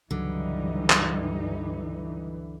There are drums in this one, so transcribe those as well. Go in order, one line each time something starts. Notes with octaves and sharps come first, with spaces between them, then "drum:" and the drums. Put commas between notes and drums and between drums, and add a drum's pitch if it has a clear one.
C#2 G2 D3 E3 F#3 G3 D#4
drum: clap